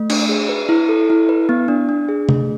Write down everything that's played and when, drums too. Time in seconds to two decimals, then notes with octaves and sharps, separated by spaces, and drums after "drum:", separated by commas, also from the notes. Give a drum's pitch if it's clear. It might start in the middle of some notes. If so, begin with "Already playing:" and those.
Already playing: A3
0.10 D4, drum: cymbal
0.29 G#4
0.49 B4
0.69 E4
0.89 A4
1.10 E4
1.29 B4
1.49 B3
1.68 D4
1.89 D4
2.09 G#4
2.29 A3, drum: tom C3